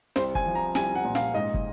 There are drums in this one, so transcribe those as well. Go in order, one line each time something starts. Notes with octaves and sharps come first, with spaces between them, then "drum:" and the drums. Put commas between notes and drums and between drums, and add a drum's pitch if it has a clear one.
C2 C5, drum: snare
G#5, drum: kick
F3
A#5
C2 G#5, drum: snare
F#5
A#2
F5, drum: snare
G#2 D#5
drum: kick